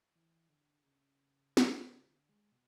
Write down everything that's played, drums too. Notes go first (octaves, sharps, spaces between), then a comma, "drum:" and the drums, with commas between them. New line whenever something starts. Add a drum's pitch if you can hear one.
E3
D3
C#3
drum: snare
C#3
D3
G#3
B2